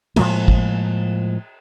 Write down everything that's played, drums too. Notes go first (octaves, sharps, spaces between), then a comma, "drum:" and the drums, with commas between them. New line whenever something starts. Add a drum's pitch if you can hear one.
A2 F3 G#3 A#3, drum: cymbal
drum: kick